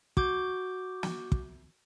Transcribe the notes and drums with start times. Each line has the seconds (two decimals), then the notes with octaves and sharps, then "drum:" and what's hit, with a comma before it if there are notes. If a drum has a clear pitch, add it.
0.17 F#4 D6 G6, drum: kick
1.03 drum: snare
1.32 drum: kick